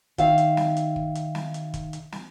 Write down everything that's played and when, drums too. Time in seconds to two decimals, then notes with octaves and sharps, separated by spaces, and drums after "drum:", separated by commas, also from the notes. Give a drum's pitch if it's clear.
0.18 D#3 E5 F5, drum: kick, hi-hat
0.38 drum: hi-hat
0.57 drum: snare
0.77 drum: hi-hat
0.96 drum: kick
1.15 drum: hi-hat
1.35 drum: snare
1.54 drum: hi-hat
1.74 drum: kick, hi-hat
1.93 drum: hi-hat
2.12 drum: snare